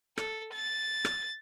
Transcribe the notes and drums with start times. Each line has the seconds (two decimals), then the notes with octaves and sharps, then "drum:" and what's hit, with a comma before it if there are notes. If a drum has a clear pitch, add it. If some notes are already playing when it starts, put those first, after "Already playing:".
0.18 A4, drum: rim click
0.53 A6
1.05 drum: rim click